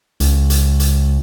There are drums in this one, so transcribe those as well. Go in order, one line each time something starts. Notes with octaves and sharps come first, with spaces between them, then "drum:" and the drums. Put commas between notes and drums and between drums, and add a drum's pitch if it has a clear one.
C#2, drum: hi-hat
drum: hi-hat
drum: hi-hat